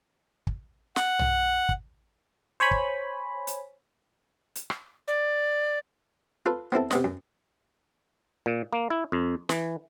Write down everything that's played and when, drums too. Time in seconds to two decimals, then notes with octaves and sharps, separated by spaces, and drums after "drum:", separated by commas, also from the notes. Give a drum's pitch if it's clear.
0.47 drum: kick
0.96 F#5, drum: snare
1.19 drum: tom B1
1.69 drum: kick
2.60 C5 C#5 G#5 B5
2.71 drum: kick
3.47 drum: hi-hat
4.55 drum: hi-hat
4.70 drum: rim click
5.08 D5
6.46 F4 A4 B4
6.72 B3 C4 E4 A4
6.91 C3 B3 D#5, drum: snare
7.04 F#2
8.46 A#2
8.73 A#3
8.90 E4
9.12 F2
9.49 E3, drum: snare